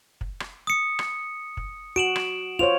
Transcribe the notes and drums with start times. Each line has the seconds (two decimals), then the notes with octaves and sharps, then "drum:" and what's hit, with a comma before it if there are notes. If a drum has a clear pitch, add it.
0.21 drum: kick
0.40 drum: rim click
0.67 D#6 C#7
0.99 drum: rim click
1.57 drum: kick
1.96 F#4 D7 E7 F#7
2.16 drum: rim click
2.59 F4 C5 C#5 F7